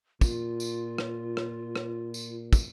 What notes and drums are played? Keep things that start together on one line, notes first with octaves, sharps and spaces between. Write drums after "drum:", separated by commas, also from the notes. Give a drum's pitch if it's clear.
A#2 F4, drum: kick, tambourine
drum: tambourine
drum: rim click
drum: rim click
drum: rim click
drum: tambourine
drum: kick, tambourine